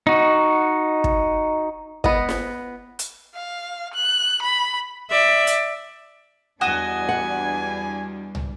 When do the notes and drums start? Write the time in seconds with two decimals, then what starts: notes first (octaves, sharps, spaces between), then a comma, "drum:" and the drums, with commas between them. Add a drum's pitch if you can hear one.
0.07 D#4 F#4
1.04 drum: kick
2.04 B3 D#5, drum: kick
2.29 drum: snare
2.99 drum: hi-hat
3.35 F5
3.94 F#6
4.43 B5
5.10 D5 E5
5.47 drum: hi-hat
6.61 E2 G3 D4 F#4 D#5 G#5 D#6
7.09 F#5
8.35 drum: tom